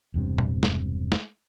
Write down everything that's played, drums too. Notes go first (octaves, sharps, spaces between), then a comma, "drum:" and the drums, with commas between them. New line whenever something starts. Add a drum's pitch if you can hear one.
E1 E2 G2 C3
drum: tom A#2
drum: snare
drum: snare